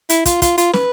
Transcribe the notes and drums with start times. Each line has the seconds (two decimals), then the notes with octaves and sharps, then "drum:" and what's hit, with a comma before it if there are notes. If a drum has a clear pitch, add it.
0.09 E4, drum: hi-hat
0.25 F4, drum: kick, hi-hat
0.42 F4, drum: kick, hi-hat
0.58 F4, drum: hi-hat
0.73 B4, drum: snare